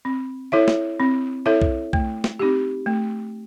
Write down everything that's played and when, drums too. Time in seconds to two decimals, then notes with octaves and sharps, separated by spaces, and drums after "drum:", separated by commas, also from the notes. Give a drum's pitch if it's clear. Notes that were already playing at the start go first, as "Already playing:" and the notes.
0.05 C4
0.52 E4 A4 C#5 E5
0.68 drum: snare
1.00 C4
1.46 E4 A4 C#5 E5
1.62 drum: kick B1
1.93 A3, drum: kick B1
2.24 drum: snare
2.39 C4 D#4 G4
2.86 A3